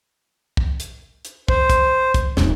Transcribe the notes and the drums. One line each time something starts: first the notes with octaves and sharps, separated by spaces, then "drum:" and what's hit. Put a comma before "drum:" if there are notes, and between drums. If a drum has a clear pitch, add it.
drum: kick
drum: hi-hat
drum: hi-hat
C5, drum: kick
drum: kick, hi-hat
drum: kick, hi-hat
D#1 D#4, drum: snare